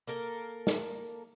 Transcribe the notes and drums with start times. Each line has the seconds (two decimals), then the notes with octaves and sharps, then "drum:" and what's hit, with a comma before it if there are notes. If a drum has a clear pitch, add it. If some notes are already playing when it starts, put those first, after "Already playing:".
0.07 A#3 A4 A#4
0.67 drum: snare